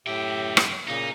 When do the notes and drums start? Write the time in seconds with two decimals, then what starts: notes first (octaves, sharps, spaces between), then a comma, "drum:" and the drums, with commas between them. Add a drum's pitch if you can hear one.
0.06 F#2 A2 G4 E5 G5
0.57 drum: rim click
0.88 A#2 C#3 A#3 D#4